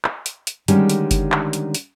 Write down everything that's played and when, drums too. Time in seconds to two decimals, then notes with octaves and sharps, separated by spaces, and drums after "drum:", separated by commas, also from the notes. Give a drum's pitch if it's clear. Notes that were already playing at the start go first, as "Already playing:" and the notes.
0.05 drum: clap
0.26 drum: hi-hat
0.47 drum: hi-hat
0.68 D3 D#3 G3 G#3 C#4, drum: hi-hat
0.90 drum: hi-hat
1.11 drum: kick F#1, hi-hat
1.32 drum: clap
1.53 drum: hi-hat
1.75 drum: hi-hat